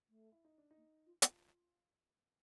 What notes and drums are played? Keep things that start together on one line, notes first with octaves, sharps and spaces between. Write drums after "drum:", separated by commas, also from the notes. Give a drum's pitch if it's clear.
A3
E4
D#4
D4
D#4
A#3
F4
F4, drum: hi-hat